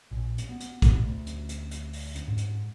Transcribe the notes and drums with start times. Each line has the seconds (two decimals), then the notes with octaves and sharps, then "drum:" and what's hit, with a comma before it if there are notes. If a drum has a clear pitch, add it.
0.11 A#1
0.38 drum: hi-hat
0.49 B3
0.60 drum: hi-hat
0.82 drum: kick, hi-hat
1.04 D2
1.27 drum: hi-hat
1.49 drum: hi-hat
1.71 drum: hi-hat
1.93 drum: open hi-hat
2.15 drum: hi-hat
2.28 G#2
2.37 drum: hi-hat